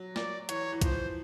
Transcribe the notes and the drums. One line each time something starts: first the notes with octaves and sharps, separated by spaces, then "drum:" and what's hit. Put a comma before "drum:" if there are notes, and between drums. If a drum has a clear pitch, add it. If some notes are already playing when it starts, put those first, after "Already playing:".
Already playing: F#3
D5, drum: snare
E3 C#5, drum: hi-hat
E3
F3 C5, drum: kick C2, hi-hat
E3